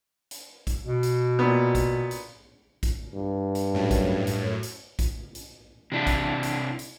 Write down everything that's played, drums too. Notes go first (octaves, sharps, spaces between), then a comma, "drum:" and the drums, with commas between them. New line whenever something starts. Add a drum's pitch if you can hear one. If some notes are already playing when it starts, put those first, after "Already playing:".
drum: hi-hat
drum: kick A1, hi-hat
B2
drum: hi-hat
A#2 B3
drum: kick A1, hi-hat
drum: hi-hat
drum: kick A1, hi-hat
G2
drum: hi-hat
F#2 A2
drum: kick A1, hi-hat
drum: hi-hat
drum: hi-hat
drum: kick A1, hi-hat
drum: hi-hat
C3 D4 E4
drum: kick A1, hi-hat
drum: hi-hat
drum: hi-hat